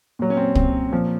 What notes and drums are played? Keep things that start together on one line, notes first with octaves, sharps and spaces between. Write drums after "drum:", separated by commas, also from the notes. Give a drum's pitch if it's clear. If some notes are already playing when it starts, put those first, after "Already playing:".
A#2 F#3
C#4
C4
C4, drum: kick
A#2 F3